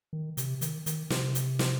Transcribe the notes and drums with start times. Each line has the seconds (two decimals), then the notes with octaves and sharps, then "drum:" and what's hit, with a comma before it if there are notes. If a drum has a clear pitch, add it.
0.13 D#3
0.37 C3, drum: hi-hat
0.61 D#3, drum: hi-hat
0.86 D#3, drum: hi-hat
1.10 C3, drum: snare
1.35 drum: hi-hat
1.59 drum: snare